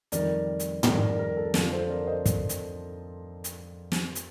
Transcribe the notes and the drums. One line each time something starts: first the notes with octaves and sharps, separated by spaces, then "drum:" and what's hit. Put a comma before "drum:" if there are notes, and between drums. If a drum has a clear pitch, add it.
F2 D#3 G3 A#4 D5, drum: hi-hat
drum: hi-hat
F2 D#3 G3 A#4 D5, drum: tom
A#4 D5
G4 A#4
A4
F2 D3 F3 A4, drum: snare
A4 C5
A#4 D5
C5 D#5
drum: kick, hi-hat
drum: hi-hat
drum: hi-hat
drum: snare
drum: hi-hat